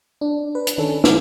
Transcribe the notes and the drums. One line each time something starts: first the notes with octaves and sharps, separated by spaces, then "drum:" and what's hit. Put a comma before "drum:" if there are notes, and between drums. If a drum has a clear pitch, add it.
D4
B4
drum: hi-hat
D#3 C#4 D4 A4
D6 E6, drum: snare